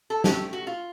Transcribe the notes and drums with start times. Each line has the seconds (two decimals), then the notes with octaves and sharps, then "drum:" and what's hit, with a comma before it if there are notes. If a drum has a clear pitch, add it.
0.10 A4
0.24 C3 F3 A3 C#4 G4, drum: snare
0.53 F#4
0.67 F4